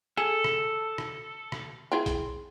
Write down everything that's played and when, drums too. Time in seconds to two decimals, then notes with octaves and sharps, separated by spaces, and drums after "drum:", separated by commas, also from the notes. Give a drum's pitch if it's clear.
0.17 G#4 A4
0.44 drum: rim click
0.98 drum: rim click
1.52 drum: rim click
1.92 C4 E4 G#4
2.06 drum: kick, hi-hat